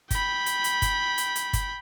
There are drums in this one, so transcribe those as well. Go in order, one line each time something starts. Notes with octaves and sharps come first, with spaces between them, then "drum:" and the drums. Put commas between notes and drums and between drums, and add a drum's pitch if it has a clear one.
G5 B5, drum: kick G1, hi-hat
drum: hi-hat
drum: hi-hat
drum: kick G1, hi-hat
drum: hi-hat
drum: hi-hat
drum: kick G1, hi-hat